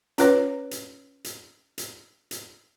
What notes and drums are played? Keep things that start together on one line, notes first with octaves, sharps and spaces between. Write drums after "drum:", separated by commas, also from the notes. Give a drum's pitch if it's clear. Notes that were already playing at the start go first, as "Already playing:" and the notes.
C#4 F4 B4 C#5, drum: hi-hat
drum: hi-hat
drum: hi-hat
drum: hi-hat
drum: hi-hat